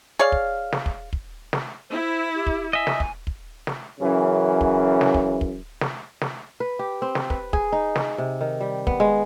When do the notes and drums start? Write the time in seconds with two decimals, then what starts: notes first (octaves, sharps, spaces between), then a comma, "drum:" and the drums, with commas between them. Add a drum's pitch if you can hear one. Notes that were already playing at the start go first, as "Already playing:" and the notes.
0.19 G#4 C#5 D5 F5
0.32 drum: kick
0.72 drum: snare
0.86 drum: kick
1.13 drum: kick
1.53 drum: snare
1.89 E4 C5
2.34 G4
2.47 drum: kick
2.73 D#5 E5 G#5
2.87 drum: snare
3.00 drum: kick
3.27 drum: kick
3.67 drum: snare
4.00 F#2 C#3 E3
4.61 drum: kick
5.01 drum: snare
5.14 drum: kick
5.41 drum: kick
5.81 drum: snare
6.21 drum: snare
6.60 B4
6.79 G4
7.02 C4
7.15 drum: snare
7.30 B4, drum: kick
7.53 G#4, drum: kick
7.72 D#4
7.96 drum: snare
8.18 C3
8.41 D#3
8.60 G3
8.87 B3, drum: kick
9.00 G#3